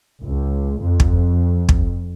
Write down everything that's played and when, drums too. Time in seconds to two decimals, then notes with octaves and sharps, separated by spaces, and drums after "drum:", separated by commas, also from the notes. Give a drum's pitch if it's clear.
0.23 C#2
0.82 F2
1.00 drum: kick
1.69 drum: kick